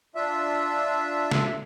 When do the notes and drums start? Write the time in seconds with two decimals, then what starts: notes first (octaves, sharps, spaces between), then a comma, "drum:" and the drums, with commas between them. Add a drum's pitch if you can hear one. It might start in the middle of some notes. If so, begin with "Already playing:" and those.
0.15 D4 F4 E5
1.31 drum: snare